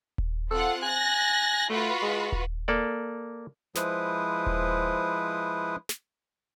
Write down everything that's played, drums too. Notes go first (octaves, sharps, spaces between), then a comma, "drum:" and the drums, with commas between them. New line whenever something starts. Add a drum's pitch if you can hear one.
drum: kick D#1
C4 F4 A4 F#5
G#5 F#6 A#6
A3 F4 F#4 B4
G#3
drum: kick D#1
A#3 A4 D5
F3 G#3 E4 B4 C5 D#6, drum: snare
drum: kick D#1
drum: snare